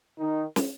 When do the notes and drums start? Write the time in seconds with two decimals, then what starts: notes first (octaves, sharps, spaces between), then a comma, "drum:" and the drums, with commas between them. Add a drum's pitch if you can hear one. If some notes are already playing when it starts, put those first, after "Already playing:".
0.19 D#3 D#4
0.56 drum: snare